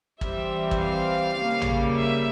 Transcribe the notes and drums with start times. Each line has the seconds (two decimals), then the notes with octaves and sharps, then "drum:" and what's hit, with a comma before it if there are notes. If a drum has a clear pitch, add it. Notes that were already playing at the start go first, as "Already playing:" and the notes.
0.21 E3 G3 C4 E5, drum: kick
0.71 drum: kick
0.80 F5
1.37 C#3 G3 A#3
1.61 drum: tom A1
1.96 E5